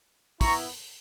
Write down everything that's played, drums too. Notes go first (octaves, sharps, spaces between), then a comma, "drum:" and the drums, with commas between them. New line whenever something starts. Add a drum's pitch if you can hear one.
B3 E4 A#5 C#6, drum: kick, open hi-hat